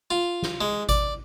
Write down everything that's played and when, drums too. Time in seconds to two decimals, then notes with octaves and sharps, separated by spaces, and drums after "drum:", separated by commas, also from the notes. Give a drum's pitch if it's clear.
0.11 F4
0.42 drum: snare
0.61 G#3
0.89 D5, drum: kick G#1, tambourine